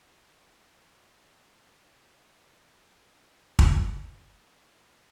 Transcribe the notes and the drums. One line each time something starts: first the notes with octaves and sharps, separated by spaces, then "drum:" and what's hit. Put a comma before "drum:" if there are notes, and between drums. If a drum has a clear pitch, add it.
D#4 C5 D5 D#5 A#5
D#1 F#2 E3 C#4
drum: kick